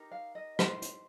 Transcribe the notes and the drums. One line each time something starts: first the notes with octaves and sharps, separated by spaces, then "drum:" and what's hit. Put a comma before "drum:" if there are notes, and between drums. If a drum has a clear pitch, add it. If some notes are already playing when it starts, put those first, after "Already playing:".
Already playing: D#4 G4 A#4
F5
D#5
C5, drum: rim click
drum: hi-hat